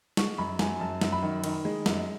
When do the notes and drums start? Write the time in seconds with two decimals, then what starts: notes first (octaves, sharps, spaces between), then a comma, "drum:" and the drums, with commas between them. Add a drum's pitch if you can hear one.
0.17 G#3 C#6, drum: snare
0.38 F#2 B5
0.59 F#2 G#5, drum: snare
0.80 F#2 A5
1.01 F#2, drum: snare
1.12 B5
1.23 D#3
1.44 D#3, drum: cymbal
1.65 G#3
1.86 F#2, drum: snare